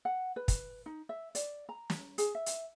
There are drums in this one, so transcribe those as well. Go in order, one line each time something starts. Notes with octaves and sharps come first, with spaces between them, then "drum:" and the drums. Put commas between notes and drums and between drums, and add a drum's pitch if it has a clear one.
F#5
B4
drum: kick, hi-hat
D#4
E5
D5, drum: hi-hat
A#5
drum: snare
G#4, drum: hi-hat
E5
drum: hi-hat